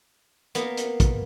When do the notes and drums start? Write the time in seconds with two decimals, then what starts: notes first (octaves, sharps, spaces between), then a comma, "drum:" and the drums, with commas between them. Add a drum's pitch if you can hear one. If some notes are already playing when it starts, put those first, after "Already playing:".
0.55 A#3 B3, drum: hi-hat
0.77 drum: hi-hat
1.00 drum: kick, hi-hat